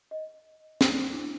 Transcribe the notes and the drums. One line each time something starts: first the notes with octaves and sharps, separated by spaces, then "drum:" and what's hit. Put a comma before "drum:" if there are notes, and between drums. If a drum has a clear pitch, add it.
D#5
drum: snare
D4 E4